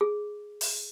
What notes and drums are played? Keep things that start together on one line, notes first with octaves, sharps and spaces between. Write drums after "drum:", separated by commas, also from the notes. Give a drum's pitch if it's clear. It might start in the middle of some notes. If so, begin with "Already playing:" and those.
G#4
drum: open hi-hat